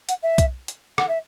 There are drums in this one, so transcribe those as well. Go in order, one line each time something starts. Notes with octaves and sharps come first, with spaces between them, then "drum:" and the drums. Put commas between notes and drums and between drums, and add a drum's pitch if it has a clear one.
F#5, drum: hi-hat
E5
drum: kick B1, hi-hat
drum: hi-hat
F#5, drum: rim click
E5